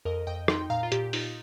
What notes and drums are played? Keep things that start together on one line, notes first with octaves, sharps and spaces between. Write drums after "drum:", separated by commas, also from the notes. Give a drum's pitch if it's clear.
F2 A#4 D#5
F2 D#5 G5
D#4 G5 C6, drum: rim click
A#2 F5 A#5
F4
A#2 G4, drum: hi-hat
D#4 F4, drum: open hi-hat